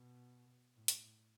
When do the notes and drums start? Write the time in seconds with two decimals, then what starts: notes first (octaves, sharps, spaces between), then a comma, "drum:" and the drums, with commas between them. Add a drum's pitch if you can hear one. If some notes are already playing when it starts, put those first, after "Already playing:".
Already playing: B2
0.75 A2
0.88 drum: hi-hat